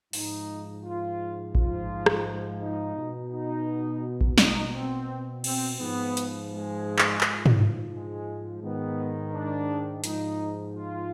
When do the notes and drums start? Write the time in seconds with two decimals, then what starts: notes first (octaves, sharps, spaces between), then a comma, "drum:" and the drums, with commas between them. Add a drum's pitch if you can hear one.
0.13 G#2 F3 D#4, drum: open hi-hat
0.84 F4
1.55 G#2 F3 F4, drum: kick A1
2.06 drum: rim click
2.61 D#4
2.96 B2
3.32 D#4
4.21 drum: kick A1
4.38 B2 D#4, drum: snare
4.73 C4
5.44 C4, drum: cymbal
5.79 G#2 F3 B3
6.17 drum: hi-hat
6.50 G#3
6.99 drum: clap
7.21 G#2 F3, drum: clap
7.46 drum: tom
7.92 G#3
8.62 G#2 D#3 B3
9.33 D4
10.04 G#2 F3 D#4, drum: hi-hat
10.75 F4